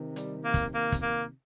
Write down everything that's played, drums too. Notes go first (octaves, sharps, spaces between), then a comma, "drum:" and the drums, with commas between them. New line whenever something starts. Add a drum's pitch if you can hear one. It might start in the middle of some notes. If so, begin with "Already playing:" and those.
Already playing: C3 D#3
G3, drum: hi-hat
A#3
drum: kick, hi-hat
A#3
drum: kick, hi-hat
A#3